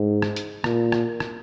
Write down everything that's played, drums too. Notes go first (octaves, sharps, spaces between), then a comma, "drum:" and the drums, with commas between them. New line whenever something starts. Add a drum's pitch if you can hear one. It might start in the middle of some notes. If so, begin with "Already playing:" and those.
Already playing: G#2
drum: rim click
drum: hi-hat
A#2, drum: rim click
drum: rim click
drum: rim click